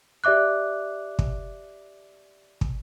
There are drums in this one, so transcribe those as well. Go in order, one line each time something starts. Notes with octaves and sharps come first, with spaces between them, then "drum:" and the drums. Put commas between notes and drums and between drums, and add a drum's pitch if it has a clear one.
G4 D5 E5 D6 F#6
drum: kick
drum: kick